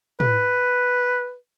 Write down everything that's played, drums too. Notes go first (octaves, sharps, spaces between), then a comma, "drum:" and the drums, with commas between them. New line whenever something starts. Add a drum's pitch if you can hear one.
B4, drum: tom